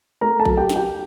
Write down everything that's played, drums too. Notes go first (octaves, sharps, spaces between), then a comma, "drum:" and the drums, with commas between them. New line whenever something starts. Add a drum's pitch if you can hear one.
A3 A#4 A#5
A4 A5
F#3, drum: kick A#1
G4 G5
D#4, drum: snare
G4 G5